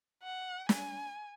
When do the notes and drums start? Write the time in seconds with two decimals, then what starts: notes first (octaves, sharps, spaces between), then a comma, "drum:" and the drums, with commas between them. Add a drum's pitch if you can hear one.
0.23 F#5
0.69 G#5, drum: snare